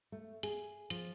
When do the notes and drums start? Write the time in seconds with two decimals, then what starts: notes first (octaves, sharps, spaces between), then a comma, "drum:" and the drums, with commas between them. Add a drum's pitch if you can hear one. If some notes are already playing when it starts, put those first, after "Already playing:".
0.12 A3
0.43 G#4, drum: hi-hat
0.90 F3, drum: hi-hat